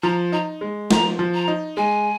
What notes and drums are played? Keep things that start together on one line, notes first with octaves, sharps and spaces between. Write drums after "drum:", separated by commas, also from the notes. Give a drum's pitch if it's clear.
F3 A#5
D#4 A#5
G#3
F3 A#5, drum: snare
F3
A#5
D#4
G#3 G#5